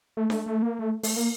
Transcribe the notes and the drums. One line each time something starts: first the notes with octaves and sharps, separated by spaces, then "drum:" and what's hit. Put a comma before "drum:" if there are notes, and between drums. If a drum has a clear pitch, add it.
A3
A3, drum: snare D4
A3
A#3
A3
A3, drum: open hi-hat
A#3